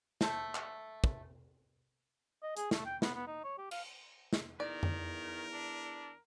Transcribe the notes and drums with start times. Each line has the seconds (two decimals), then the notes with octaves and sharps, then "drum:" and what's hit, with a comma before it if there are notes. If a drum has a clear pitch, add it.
0.21 A3 A4 C5, drum: snare
0.55 drum: clap
1.04 drum: kick
2.43 D#5
2.57 G#4, drum: hi-hat
2.71 A3, drum: snare
2.86 G5
3.02 B3, drum: snare
3.15 B3
3.27 D#4
3.44 C#5
3.58 G4
3.71 F5, drum: cymbal
4.33 drum: snare
4.60 E2 D#3 A#4 D5
4.83 drum: tom F2
5.52 D4